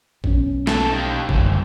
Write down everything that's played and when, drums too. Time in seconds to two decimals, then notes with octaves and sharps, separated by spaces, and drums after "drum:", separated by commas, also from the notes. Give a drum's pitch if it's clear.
0.24 B1 C#4, drum: kick A1
0.67 A#3 A4, drum: snare
0.92 D#4 G4
1.29 F#1 D2 C#3 G3, drum: kick A1